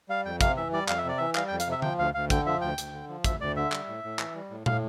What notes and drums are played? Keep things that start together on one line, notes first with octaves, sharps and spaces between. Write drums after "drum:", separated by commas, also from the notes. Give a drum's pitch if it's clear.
G3 F5
F2 G5
C3 F5, drum: kick, hi-hat
E3 E5
G3 D5
F2 F5, drum: clap
E5
C3 D5
E3 E5
G3 F5, drum: clap
G5
F2
F5, drum: hi-hat
C3 E5
F3 G5, drum: tom D3
D2 F5
D2 F5
D3 G5, drum: kick, hi-hat
F3 E5
D2 G5
D2, drum: hi-hat
D3
F3
D2 E5, drum: kick, hi-hat
D2 D5
D3 E5
G3, drum: clap
A2
A2
E3, drum: clap
G3
A2
A2 F5, drum: tom